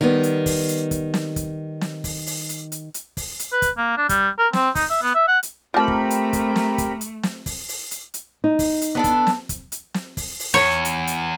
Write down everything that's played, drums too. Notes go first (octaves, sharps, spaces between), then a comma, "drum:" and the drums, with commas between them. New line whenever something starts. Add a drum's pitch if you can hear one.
D#3 G3 B3
drum: hi-hat
drum: kick, open hi-hat
drum: hi-hat
drum: kick, hi-hat
drum: snare
drum: kick, hi-hat
drum: snare
drum: kick, open hi-hat
drum: open hi-hat
drum: hi-hat
drum: hi-hat
drum: hi-hat
drum: kick, open hi-hat
drum: hi-hat
B4
drum: kick, hi-hat
A#3
D4
G3, drum: kick, hi-hat
A#4
C4, drum: snare
D#4, drum: kick, open hi-hat
E5
B3
E5
F#5
drum: hi-hat
A3 C4 F4 G4 A#4 A5 B5
drum: kick
drum: hi-hat
drum: kick, hi-hat
drum: snare
drum: kick, hi-hat
drum: hi-hat
drum: snare
drum: kick, open hi-hat
drum: open hi-hat
drum: hi-hat
drum: hi-hat
D#4
drum: kick, open hi-hat
drum: hi-hat
B3 D4 A4
drum: kick, hi-hat
drum: snare
drum: kick, hi-hat
drum: hi-hat
drum: snare
drum: kick, open hi-hat
drum: open hi-hat
E2 C#5
drum: hi-hat
drum: hi-hat